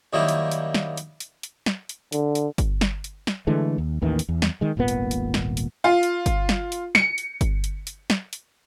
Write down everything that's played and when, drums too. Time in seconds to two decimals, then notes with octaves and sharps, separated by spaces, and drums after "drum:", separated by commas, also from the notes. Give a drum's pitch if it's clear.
0.13 F#2 D#3 G3 A#3 E4
0.29 drum: hi-hat
0.51 drum: hi-hat
0.74 drum: snare
0.97 drum: hi-hat
1.20 drum: hi-hat
1.43 drum: hi-hat
1.66 drum: snare
1.89 drum: hi-hat
2.12 D3, drum: hi-hat
2.35 drum: hi-hat
2.58 drum: kick G1, hi-hat
2.81 drum: snare
3.04 drum: hi-hat
3.27 drum: snare
3.47 D3 E3 G#3 A3
3.78 D#2
4.02 A1 D#2 D#3 E3
4.19 drum: hi-hat
4.29 E2
4.42 drum: snare
4.61 D#3 G#3
4.77 D#1 G#1 A#2 B3
4.88 drum: hi-hat
5.11 drum: hi-hat
5.34 drum: snare
5.57 drum: hi-hat
5.84 F4
6.03 drum: hi-hat
6.26 drum: kick G1, hi-hat
6.49 drum: snare
6.72 drum: hi-hat
6.95 C#7, drum: snare
7.18 drum: hi-hat
7.41 drum: kick G1, hi-hat
7.64 drum: hi-hat
7.87 drum: hi-hat
8.10 drum: snare
8.33 drum: hi-hat